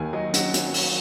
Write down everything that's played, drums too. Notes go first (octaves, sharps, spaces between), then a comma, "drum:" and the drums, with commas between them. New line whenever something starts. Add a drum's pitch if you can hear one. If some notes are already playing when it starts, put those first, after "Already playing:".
Already playing: D#2 D#3 G#5
F#3 D#5
F#3 F#5, drum: hi-hat
F#3, drum: hi-hat
F#3, drum: open hi-hat